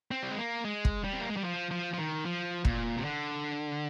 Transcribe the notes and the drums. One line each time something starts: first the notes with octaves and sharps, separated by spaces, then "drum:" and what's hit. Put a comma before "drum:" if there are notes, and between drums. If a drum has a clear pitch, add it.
C4
G3
G#3
A#3
G#3
drum: kick
G3
C4
A#3
G#3
G3
F3
F3
F3
D#3
F3
A#2, drum: kick
C3
D3